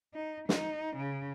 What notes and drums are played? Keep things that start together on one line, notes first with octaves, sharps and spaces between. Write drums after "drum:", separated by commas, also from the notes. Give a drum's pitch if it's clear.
D#4
D#4, drum: snare
C#3